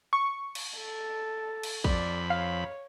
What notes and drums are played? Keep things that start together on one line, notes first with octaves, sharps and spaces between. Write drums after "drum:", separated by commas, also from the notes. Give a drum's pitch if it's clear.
C#6
drum: cymbal
A4
drum: cymbal
F2 D5 B5, drum: kick
C#5 F5